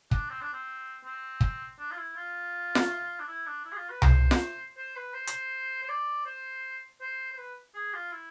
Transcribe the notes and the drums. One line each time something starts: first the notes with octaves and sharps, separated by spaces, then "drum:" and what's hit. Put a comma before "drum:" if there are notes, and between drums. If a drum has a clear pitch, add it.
D4, drum: kick
C4
D4
C4
C4
drum: kick
D4
F4
E4
F4
drum: snare F4
D4
E4
D4
E4
G#4
F4
B4
C5, drum: tom C2
drum: snare F4
C5
B4
C5
drum: hi-hat
C5
D5
C5
C5
C5
B4
G#4
F4
E4